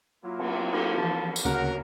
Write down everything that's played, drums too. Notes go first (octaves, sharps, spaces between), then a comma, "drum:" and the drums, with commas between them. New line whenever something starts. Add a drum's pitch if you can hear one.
F#3 A#3 E4 F4
drum: cymbal
drum: cymbal
E3 F3 A5
drum: tambourine
D2 C#3 F#3 A#3 A#4 F#5